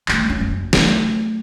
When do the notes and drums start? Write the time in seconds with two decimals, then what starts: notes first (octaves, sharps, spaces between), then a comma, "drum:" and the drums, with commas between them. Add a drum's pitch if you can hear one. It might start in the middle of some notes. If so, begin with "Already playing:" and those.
0.08 E3 A3, drum: clap
0.25 F#3 C#4
0.40 F#1 F3
0.73 F#3 A3, drum: snare